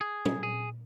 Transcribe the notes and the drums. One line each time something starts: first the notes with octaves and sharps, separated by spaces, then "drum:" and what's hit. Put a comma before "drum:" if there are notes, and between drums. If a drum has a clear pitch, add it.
G#4
drum: tom
G#4